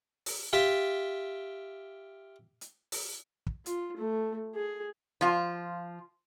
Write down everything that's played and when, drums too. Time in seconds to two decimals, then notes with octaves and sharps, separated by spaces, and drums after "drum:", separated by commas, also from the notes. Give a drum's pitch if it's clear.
0.26 drum: open hi-hat
0.53 F4 G4 E5
2.61 drum: hi-hat
2.92 drum: open hi-hat
3.47 drum: kick
3.66 F4, drum: hi-hat
3.97 A3
4.55 G#4
5.21 F3 F4